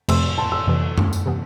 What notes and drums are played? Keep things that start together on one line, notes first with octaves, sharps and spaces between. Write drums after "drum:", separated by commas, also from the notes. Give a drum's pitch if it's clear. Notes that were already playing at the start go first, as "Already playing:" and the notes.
F2 C3 F3 A3 C6 E6, drum: cymbal
A5 C6
C6 E6
F2 C3 E3
drum: tom F#2
drum: tambourine
C3 E3 B3